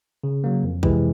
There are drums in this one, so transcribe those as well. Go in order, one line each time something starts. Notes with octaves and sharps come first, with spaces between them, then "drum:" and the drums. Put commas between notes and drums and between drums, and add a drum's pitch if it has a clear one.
C#3
F#3 A#3
F2
C3 E3 G#3, drum: kick